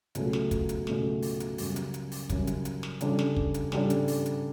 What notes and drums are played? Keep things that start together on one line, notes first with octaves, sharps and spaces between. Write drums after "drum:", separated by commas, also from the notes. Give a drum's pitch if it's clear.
C#2 B2 F#3 A3, drum: hi-hat
drum: snare
drum: kick, hi-hat
drum: hi-hat
C#2 B2 F#3 A3, drum: snare
drum: open hi-hat
drum: hi-hat
F#2 C#3 G3, drum: open hi-hat
drum: hi-hat
drum: hi-hat
drum: open hi-hat
F#2 C#3 G3, drum: kick, hi-hat
drum: hi-hat
drum: hi-hat
drum: snare
C#3 G3 D4 A4 D5, drum: hi-hat
drum: snare
drum: kick
drum: hi-hat
C#3 G3 D4 A4 D5, drum: snare
drum: hi-hat
drum: open hi-hat
drum: hi-hat